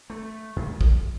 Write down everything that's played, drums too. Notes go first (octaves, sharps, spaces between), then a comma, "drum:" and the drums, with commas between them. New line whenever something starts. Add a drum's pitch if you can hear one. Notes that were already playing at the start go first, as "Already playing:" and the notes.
A3
F#2
drum: kick